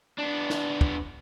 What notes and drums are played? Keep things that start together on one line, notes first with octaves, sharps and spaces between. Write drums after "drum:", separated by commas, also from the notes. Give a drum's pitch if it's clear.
B3 D4
drum: snare
drum: kick